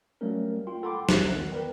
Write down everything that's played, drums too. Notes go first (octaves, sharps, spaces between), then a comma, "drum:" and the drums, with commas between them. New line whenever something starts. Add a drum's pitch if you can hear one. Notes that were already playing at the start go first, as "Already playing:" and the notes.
F#3 G3 A3 A#3 C#4 A#4
F4 G5 C6
A4 F#5 G5 B5 C6 D6
B1 E2 F#6, drum: snare
D#3 B3
A#4 B4 D5 G5